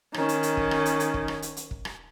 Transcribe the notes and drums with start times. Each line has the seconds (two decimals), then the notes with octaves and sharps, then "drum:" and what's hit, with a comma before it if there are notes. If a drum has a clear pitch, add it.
0.14 D#3 C#4, drum: rim click
0.29 drum: hi-hat
0.43 drum: hi-hat
0.57 drum: kick
0.71 drum: rim click
0.85 drum: hi-hat
1.00 drum: hi-hat
1.14 drum: kick
1.28 drum: rim click
1.42 drum: hi-hat
1.57 drum: hi-hat
1.71 drum: kick
1.85 drum: rim click